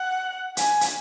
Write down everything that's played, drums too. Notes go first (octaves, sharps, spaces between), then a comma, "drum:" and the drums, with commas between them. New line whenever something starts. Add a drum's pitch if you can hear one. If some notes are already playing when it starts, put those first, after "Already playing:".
Already playing: F#5
G#5, drum: hi-hat
drum: hi-hat